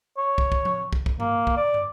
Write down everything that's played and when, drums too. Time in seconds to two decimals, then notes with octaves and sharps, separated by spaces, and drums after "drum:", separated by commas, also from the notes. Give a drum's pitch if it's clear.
0.18 C#5
0.38 drum: kick
0.52 drum: kick
0.65 drum: tom F3
0.93 drum: kick
1.06 drum: kick
1.20 A#3, drum: tom G2
1.47 drum: kick
1.57 D5
1.74 drum: tom